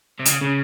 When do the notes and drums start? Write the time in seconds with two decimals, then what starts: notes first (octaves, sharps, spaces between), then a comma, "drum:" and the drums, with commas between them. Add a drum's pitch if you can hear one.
0.20 C3
0.25 C#3, drum: hi-hat
0.41 C#3